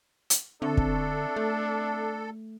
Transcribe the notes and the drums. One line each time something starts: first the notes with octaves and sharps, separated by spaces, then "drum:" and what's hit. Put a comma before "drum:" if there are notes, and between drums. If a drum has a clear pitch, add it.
drum: hi-hat
D3 C4 D4 A4 E5 C#6
drum: kick
A3